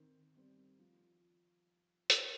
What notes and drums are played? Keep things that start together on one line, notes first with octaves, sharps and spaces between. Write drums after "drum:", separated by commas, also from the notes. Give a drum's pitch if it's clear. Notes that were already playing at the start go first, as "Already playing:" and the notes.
Already playing: D#3 C4
G3 C4
F3
drum: hi-hat